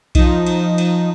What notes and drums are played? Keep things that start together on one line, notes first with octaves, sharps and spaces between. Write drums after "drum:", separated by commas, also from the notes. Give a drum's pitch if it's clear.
F3 D#4, drum: kick B1, cymbal
drum: cymbal
drum: cymbal